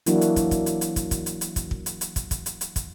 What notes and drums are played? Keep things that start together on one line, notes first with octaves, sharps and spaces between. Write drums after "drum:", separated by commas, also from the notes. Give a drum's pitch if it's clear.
E3 F#3 A#3 D4 E4 F#4, drum: hi-hat
drum: hi-hat
drum: kick, hi-hat
drum: kick, hi-hat
drum: hi-hat
drum: hi-hat
drum: kick, hi-hat
drum: kick, hi-hat
drum: hi-hat
drum: hi-hat
drum: kick, hi-hat
drum: kick
drum: hi-hat
drum: hi-hat
drum: kick, hi-hat
drum: kick, hi-hat
drum: hi-hat
drum: hi-hat
drum: kick, hi-hat